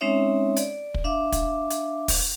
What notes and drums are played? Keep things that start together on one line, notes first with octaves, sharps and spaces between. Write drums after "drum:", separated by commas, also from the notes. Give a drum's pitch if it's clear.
G#3 C4 C#4 D#4 C#5 E5
D5, drum: hi-hat
drum: kick
D4 E5 F5 D6
drum: kick, hi-hat
drum: hi-hat
drum: kick, open hi-hat